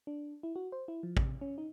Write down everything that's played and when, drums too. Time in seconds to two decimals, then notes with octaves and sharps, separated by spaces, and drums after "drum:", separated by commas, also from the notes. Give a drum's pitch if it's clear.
0.07 D4
0.43 E4
0.56 F#4
0.72 C5
0.88 E4
1.03 F3
1.17 C3, drum: kick A1
1.41 C#4
1.58 D#4